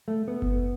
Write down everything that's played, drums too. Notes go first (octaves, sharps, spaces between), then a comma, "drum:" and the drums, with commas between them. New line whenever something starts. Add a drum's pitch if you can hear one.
A3
B3
drum: kick F#1